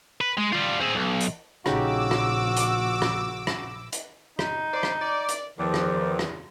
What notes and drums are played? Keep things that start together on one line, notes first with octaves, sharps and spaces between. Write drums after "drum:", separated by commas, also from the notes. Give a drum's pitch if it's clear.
B4
G#3
G3 F4
C4 G#4
B1
drum: hi-hat
A#1 C#3 D#4 F#4 G4 D6 E6, drum: rim click
drum: rim click
drum: hi-hat
drum: rim click
drum: rim click
drum: hi-hat
D#4, drum: rim click
C5 D5
drum: rim click
D5
drum: hi-hat
E2 D#3 F3 D5
drum: rim click
drum: rim click